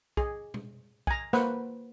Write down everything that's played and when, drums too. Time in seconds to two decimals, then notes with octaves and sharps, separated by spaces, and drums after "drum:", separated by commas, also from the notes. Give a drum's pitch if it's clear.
0.17 G#4, drum: kick
0.54 drum: tom B2
1.07 G#5 A#5, drum: kick
1.33 A#3 B4 C5 F#5, drum: snare